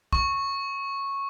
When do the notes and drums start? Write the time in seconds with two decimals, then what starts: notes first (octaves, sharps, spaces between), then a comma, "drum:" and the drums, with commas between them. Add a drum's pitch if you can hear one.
0.13 C#6, drum: kick